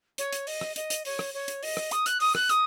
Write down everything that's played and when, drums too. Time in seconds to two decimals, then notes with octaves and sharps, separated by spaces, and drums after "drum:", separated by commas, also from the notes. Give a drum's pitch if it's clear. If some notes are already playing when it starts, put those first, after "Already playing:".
0.18 C#5, drum: hi-hat
0.33 drum: hi-hat
0.47 D#5, drum: open hi-hat
0.61 drum: rim click
0.76 D#5, drum: hi-hat
0.90 drum: hi-hat
1.05 C#5, drum: open hi-hat
1.19 drum: rim click
1.34 C#5
1.48 drum: hi-hat
1.63 D#5, drum: open hi-hat
1.77 drum: rim click
1.91 D#6, drum: hi-hat
2.06 F#6, drum: hi-hat
2.20 D#6, drum: open hi-hat
2.35 F#6, drum: rim click
2.49 D#6, drum: hi-hat